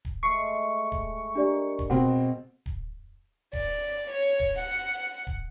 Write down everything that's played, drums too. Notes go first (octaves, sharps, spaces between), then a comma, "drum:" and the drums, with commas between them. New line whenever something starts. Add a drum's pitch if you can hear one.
drum: kick D1
G#3 A3 C#6 C7
drum: kick D1
A#3 D4 D#4 G4 D5
drum: kick D1
G#2 B2 C4 F#5
drum: kick D1
D5, drum: kick D1
C#5
drum: kick D1
F#5
drum: kick D1